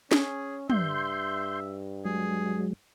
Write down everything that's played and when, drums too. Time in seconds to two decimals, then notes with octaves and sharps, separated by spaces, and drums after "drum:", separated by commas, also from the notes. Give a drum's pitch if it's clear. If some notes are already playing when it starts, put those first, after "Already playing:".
0.12 C#4 G#4, drum: snare
0.70 G2 E5 C6 G6, drum: tom
2.05 F#3 G#3 G#4